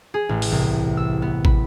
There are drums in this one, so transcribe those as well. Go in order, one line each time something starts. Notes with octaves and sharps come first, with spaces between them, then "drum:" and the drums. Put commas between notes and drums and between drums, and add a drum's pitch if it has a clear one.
G#4
A1
drum: open hi-hat
C2
E6
B3
B5, drum: kick